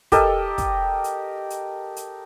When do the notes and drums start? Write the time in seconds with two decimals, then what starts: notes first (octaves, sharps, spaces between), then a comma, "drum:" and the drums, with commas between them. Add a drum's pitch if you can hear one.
0.12 G4 A4 A#4 D#5, drum: kick, hi-hat
0.58 drum: kick, hi-hat
1.04 drum: hi-hat
1.50 drum: hi-hat
1.96 drum: hi-hat